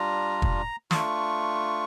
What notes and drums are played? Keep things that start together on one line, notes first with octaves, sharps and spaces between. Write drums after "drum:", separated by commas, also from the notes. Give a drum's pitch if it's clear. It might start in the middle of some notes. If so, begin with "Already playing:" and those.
Already playing: G3 D4 F4 A#5
drum: kick
A3 D4 F4 C#6, drum: snare